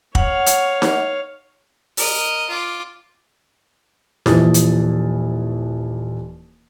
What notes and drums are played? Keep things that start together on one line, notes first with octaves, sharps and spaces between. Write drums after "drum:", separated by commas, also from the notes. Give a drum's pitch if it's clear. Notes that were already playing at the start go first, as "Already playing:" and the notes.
C#5 F5 F#5, drum: kick
drum: hi-hat
drum: snare D#4
A#4 D#5, drum: open hi-hat
F4 D6
D#1 E3 F3 E4 D#6 A6, drum: snare D#4
drum: hi-hat